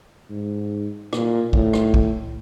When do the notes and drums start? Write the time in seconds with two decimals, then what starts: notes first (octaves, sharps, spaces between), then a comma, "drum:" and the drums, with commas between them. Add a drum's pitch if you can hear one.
0.30 G#2
1.13 A#2, drum: rim click
1.53 A2, drum: kick
1.73 drum: rim click
1.94 drum: kick